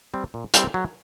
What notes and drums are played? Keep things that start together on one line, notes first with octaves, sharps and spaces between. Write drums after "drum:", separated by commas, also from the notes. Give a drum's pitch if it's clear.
G3 C4
A#2
G3 C4, drum: hi-hat
F#3